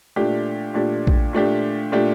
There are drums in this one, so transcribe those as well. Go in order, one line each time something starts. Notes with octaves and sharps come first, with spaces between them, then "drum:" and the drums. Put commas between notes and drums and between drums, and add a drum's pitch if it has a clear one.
A#2 A3 D4 G4
A#2 A3 D4 G4
drum: kick A#1
A#2 A3 D4 G4
A#2 A3 D4 G4